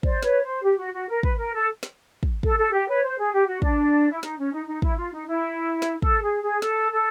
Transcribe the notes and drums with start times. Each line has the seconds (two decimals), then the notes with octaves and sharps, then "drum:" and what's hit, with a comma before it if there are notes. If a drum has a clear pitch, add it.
0.03 C5 D5, drum: kick
0.23 B4 C#5, drum: snare
0.44 C5
0.63 G4
0.77 F#4
0.93 F#4
1.09 A#4
1.23 B4, drum: kick
1.38 A#4
1.53 A4
1.83 drum: snare
2.23 drum: kick
2.43 A4, drum: kick
2.58 A4
2.73 G4
2.88 B4 C#5
3.02 C5
3.18 G#4
3.32 G4
3.47 F#4
3.62 D4, drum: kick
4.11 E4
4.23 D#4, drum: snare
4.38 C#4
4.52 D#4
4.67 D#4
4.82 E4, drum: kick
4.98 F4
5.12 D#4
5.27 E4
5.82 drum: snare
6.02 A4, drum: kick
6.22 G#4
6.42 G#4
6.62 A4, drum: snare
6.92 A4